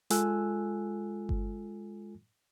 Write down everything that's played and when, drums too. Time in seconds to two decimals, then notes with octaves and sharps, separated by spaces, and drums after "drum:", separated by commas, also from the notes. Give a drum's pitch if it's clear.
0.10 G#3 F4 A4 G#5 E6 F#6, drum: hi-hat
1.29 drum: kick G1